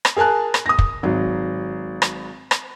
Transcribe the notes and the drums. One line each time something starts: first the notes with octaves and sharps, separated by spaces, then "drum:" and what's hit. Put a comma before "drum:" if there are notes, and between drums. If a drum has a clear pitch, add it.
drum: rim click
G#4 A#4 G#5 A5 F#6
drum: rim click
D#6 A#6
drum: kick
G#1 F#3
drum: rim click
drum: rim click